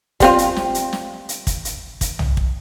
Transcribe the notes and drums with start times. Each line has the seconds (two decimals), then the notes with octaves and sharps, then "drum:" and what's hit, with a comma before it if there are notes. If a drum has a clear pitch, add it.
0.20 G3 C4 F4, drum: kick, hi-hat
0.38 drum: hi-hat
0.56 drum: snare
0.75 drum: hi-hat
0.93 drum: snare
1.29 drum: hi-hat
1.47 drum: kick, hi-hat
1.65 drum: hi-hat
2.01 drum: kick, hi-hat
2.19 drum: tom
2.37 drum: kick